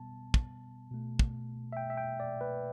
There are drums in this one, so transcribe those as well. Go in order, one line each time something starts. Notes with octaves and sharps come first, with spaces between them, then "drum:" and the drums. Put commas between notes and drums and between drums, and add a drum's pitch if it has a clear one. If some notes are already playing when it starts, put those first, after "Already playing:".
Already playing: B2 G3 B3 A5
drum: kick
B2 A3
drum: kick
E5
G5
E5
G5
D5
B4